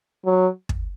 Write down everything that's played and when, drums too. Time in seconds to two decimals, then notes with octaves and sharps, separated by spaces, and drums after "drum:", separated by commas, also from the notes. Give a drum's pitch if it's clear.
0.25 F#3
0.69 drum: kick